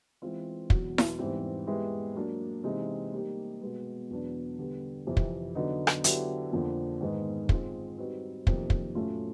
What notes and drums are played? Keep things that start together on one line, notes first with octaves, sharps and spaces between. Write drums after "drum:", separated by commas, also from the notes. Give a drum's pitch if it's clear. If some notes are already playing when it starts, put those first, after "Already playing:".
E3 G#3 C4 F4
E2 B2 F#3, drum: kick
drum: snare E4
G#2 E3 G3 C4
G#3 B3 E4 G4
F#3 A#3 D4
C3 E3 G#3 C4 D#4
G3 A#3 D#4 G4
B2 G#3 B3
E2 B2 F#3 B3 D4
D3 G3 B3
F2 C3 E3
drum: kick
D3 F#3 B3 D#4
drum: rim click
D3 F#3 B3 E4 G4, drum: hi-hat
F2 D3 F3 A#3
G#2 D#3 G#3 B3 D#4
G#3 C4 F4, drum: kick
G3 C4 D#4 F#4 B4
F2 C3 D#3 F#3 A#3, drum: kick
drum: kick
A2 F#3 A3 C#4 F4